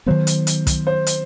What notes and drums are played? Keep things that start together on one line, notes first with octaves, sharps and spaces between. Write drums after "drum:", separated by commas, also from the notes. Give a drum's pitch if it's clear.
D#3 F#3 B3 C5
drum: hi-hat
drum: hi-hat
drum: kick, hi-hat
C5
drum: hi-hat